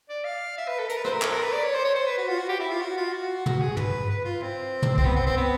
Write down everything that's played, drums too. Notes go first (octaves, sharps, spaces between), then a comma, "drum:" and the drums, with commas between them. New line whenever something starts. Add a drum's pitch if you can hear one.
D5
F5
E5
B4
A4
A#4, drum: hi-hat
B4
C5, drum: rim click
A#4
A4, drum: clap
A#4
B4
D5
C#5
C5
C#5
C5
B4
F#4
F4
F#4
G4
E4
F4
F#4
F4
F#4
F#4, drum: tom
G#4
B4, drum: tom
B4
F4
C4
drum: tom
C4, drum: kick C2
B3
C4
C4
B3